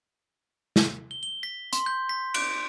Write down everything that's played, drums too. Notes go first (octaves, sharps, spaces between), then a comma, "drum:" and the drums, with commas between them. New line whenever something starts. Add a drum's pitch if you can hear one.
drum: snare
G7
G7
B6
C6, drum: hi-hat
G6
B6
D7, drum: cymbal